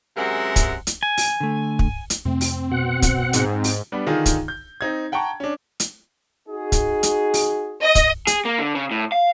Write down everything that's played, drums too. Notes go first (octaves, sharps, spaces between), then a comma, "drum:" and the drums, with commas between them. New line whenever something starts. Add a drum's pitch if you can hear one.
F#2 C3 G#3 A#4 E5 F#5
drum: kick, hi-hat
drum: hi-hat
G#5
drum: open hi-hat
D3 A3
drum: kick
drum: hi-hat
F2 C3 A3 C4
drum: open hi-hat
B2 F#5
drum: kick, hi-hat
G#2, drum: hi-hat
drum: open hi-hat
G3 B3 D4
D3 D#3 D#4 F4 G#4
drum: kick, hi-hat
G6
C4 D#4 G#6
F#5 G5 A5 A#5 C#6
C#4 D4
drum: hi-hat
D#4 F#4 G#4
drum: kick, hi-hat
drum: hi-hat
drum: open hi-hat
D#5
drum: kick, hi-hat
G#4, drum: hi-hat
A#3
D3
C#3
A2
F5